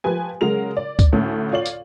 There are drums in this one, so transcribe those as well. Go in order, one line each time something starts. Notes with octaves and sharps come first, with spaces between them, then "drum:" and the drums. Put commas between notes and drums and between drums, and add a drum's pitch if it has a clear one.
F3 G4 B4 G#5
C#3 F#3 G#3 A#4 F7
D5
drum: kick, tambourine
D2 A2 C#4 A4
F4 C#5 D5 F5 F#7
drum: tambourine